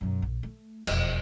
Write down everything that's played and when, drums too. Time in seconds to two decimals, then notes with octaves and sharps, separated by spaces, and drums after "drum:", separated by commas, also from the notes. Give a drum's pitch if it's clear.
0.01 F#2 B2
0.22 A#1
0.43 A3
0.87 E1 F2, drum: cymbal